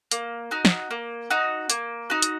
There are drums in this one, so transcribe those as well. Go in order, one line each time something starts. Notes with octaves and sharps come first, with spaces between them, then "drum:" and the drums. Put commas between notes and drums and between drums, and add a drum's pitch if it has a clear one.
A#3, drum: hi-hat
D#4 F#4
drum: snare
A#3
D#4 F#4
A#3, drum: hi-hat
D#4 F#4
drum: hi-hat